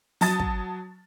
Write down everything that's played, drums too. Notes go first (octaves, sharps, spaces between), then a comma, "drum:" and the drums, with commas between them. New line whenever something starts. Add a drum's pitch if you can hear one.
F#3 A5 D#6 A6, drum: open hi-hat
drum: kick